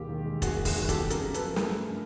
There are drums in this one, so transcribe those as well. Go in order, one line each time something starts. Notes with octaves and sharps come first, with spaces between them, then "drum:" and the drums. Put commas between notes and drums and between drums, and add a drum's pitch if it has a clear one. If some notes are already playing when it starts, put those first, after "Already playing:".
Already playing: E1 D#2 G#3 G4
D#3
G#3
D#2 F#4 G#4, drum: kick, hi-hat
D#3
F#4 G#4, drum: kick, open hi-hat
G3
G4 A4, drum: kick, hi-hat
B3
F#2 G#4 A#4, drum: hi-hat
C#3
A4 B4, drum: hi-hat
F3
G#4 A#4, drum: snare
A3
G2